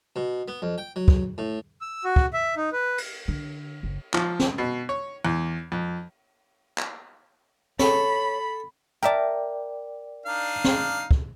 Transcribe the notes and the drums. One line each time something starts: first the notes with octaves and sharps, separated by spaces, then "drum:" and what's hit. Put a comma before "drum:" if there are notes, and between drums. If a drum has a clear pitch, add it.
B2
B3
F2
G5
F#3
drum: kick
A2
E6
F#4
drum: kick
E5
D#4
B4
drum: cymbal
D3
F#1
F3, drum: clap
drum: snare
B2
C#5
E2
F2
drum: clap
A4 C#5 B5, drum: snare
A#4 D5 E5 G5 A5
D4 D#4 F5
drum: snare
drum: kick